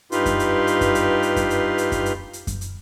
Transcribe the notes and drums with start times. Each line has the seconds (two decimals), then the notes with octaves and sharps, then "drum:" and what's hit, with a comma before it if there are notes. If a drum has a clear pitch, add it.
0.12 G2 D#4 F4 G4 B4 C6, drum: hi-hat
0.26 drum: kick F#2, hi-hat
0.39 drum: hi-hat
0.67 drum: hi-hat
0.81 drum: kick F#2, hi-hat
0.95 drum: hi-hat
1.23 drum: hi-hat
1.36 drum: kick F#2, hi-hat
1.50 drum: hi-hat
1.78 drum: hi-hat
1.92 drum: kick F#2, hi-hat
2.06 drum: hi-hat
2.33 drum: hi-hat
2.47 drum: kick F#2, hi-hat
2.61 drum: hi-hat